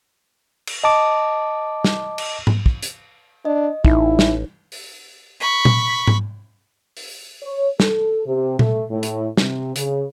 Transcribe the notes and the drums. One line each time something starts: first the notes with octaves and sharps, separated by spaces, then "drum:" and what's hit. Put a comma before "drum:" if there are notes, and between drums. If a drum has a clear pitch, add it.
drum: cymbal
D#5 A5 D6
drum: snare
drum: cymbal
drum: tom G#2
drum: kick
drum: hi-hat
D4 D#5
A1 D#4 E4, drum: kick
drum: snare
drum: open hi-hat
B5 C#6
drum: tom A#2
drum: tom G#2
drum: open hi-hat
C#5
A4, drum: snare
C3
A3, drum: tom A#2
A2
drum: hi-hat
C3, drum: snare
C#3, drum: hi-hat